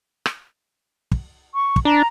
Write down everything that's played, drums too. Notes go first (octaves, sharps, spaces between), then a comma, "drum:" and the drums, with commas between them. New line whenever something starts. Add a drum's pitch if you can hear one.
drum: rim click
drum: kick
C#6
drum: kick
D4 A#5